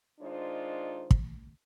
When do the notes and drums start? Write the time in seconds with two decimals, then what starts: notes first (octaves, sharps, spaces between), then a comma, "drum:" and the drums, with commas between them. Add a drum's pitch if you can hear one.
0.20 D#3 G#3 D4 D#4 F4 C5
1.11 drum: kick